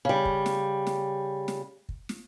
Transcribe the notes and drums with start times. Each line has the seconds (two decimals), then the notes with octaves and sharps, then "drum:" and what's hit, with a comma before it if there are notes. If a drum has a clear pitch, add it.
0.05 C#3 G3
0.25 drum: kick
0.46 drum: snare
0.87 drum: snare
1.48 drum: snare
1.89 drum: kick
2.09 drum: snare